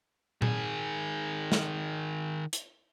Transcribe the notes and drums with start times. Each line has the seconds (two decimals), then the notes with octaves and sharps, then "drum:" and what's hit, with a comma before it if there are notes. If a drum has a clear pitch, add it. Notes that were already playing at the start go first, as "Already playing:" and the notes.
0.42 D#3 G#4, drum: tom A#2
1.52 drum: snare
2.53 drum: hi-hat